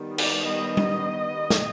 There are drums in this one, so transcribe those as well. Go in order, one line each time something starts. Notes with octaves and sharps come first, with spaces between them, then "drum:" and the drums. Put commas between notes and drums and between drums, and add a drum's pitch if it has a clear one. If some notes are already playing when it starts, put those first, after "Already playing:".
Already playing: D#3 G3 B3
D5, drum: cymbal
D#5
drum: tom G3
drum: snare